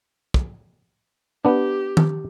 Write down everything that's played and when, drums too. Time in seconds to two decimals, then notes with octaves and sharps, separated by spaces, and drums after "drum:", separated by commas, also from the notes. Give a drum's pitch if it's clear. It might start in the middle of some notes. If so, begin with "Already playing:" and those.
0.34 drum: kick
1.45 B3 D4 G4
1.97 drum: tom